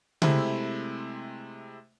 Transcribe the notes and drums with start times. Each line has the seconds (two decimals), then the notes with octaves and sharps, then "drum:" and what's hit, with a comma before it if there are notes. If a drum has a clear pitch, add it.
0.22 C3 G#3 A3 C4 E4, drum: tom C#3